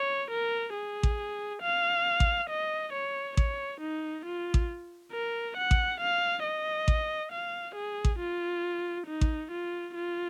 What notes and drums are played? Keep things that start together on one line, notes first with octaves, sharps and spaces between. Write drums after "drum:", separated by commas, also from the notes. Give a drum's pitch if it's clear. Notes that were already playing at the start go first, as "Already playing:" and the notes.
Already playing: C#5
A#4
G#4
drum: kick A1
F5
drum: kick A1
D#5
C#5
C#5, drum: kick A1
D#4
F4
drum: kick A1
A#4
F#5
drum: kick A1
F5
D#5
drum: kick A1
F5
G#4
drum: kick A1
F4
D#4
drum: kick A1
F4
F4